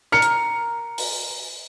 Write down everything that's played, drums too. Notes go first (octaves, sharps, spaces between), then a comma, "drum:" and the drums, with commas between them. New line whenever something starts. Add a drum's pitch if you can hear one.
A#4 F6 C#7
drum: hi-hat
drum: open hi-hat